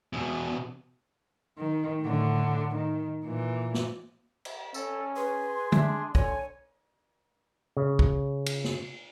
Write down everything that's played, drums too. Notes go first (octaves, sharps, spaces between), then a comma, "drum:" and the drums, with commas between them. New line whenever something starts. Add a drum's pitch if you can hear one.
E2 B2
D#3
A2 D3
D#3
A#2 E3
drum: snare
drum: cymbal
C#4 A4, drum: tambourine
G#4 B4 C6
D4 E5, drum: tom
D3 C#5 G#5, drum: kick
C#3
drum: kick
drum: cymbal
drum: snare